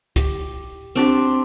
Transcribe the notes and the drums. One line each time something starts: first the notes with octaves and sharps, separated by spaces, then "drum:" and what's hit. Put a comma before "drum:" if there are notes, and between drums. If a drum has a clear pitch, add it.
G4, drum: kick C2, hi-hat
C4 D4 G4